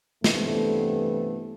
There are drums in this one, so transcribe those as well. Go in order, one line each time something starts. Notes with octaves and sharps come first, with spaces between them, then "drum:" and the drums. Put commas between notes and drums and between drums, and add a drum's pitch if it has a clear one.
G2 C3 E3 A3 B3 A4, drum: snare